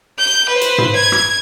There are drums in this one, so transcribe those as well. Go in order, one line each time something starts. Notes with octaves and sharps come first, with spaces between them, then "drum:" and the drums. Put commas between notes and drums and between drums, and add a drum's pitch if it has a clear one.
G6
B4 C5
drum: hi-hat
drum: tom
G#6
drum: rim click